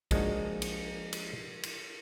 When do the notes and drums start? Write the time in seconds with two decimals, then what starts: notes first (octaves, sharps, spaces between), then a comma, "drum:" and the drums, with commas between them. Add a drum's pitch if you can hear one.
0.11 F3 G#3 A#3 D4 D#4 F#4, drum: kick A#1, cymbal
0.62 drum: cymbal
1.13 drum: cymbal
1.63 drum: cymbal